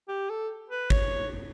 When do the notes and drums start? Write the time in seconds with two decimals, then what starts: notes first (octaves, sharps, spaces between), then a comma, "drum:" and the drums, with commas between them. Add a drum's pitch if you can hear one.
0.08 G4
0.30 A4
0.70 B4
0.90 C#5, drum: kick